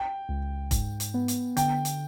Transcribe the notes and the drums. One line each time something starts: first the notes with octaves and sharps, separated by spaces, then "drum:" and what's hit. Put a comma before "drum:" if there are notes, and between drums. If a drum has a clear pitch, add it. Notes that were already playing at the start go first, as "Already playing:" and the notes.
Already playing: G5
C#2
G#2, drum: kick F1, hi-hat
drum: hi-hat
B3
drum: hi-hat
D3 G5, drum: hi-hat
drum: hi-hat